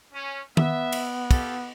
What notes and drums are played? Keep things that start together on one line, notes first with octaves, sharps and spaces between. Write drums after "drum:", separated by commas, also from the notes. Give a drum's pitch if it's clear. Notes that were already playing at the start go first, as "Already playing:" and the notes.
C#4
B3 E5, drum: tom D#3
drum: cymbal
F4 G4 A4, drum: kick, cymbal